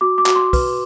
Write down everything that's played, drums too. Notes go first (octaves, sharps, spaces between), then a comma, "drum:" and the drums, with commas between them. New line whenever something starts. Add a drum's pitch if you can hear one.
F#4 D6
D6
F#4, drum: clap
C6
B4, drum: kick, open hi-hat